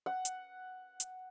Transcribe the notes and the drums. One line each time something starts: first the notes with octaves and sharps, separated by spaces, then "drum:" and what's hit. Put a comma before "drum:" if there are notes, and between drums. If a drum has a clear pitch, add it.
F#5
drum: hi-hat
drum: hi-hat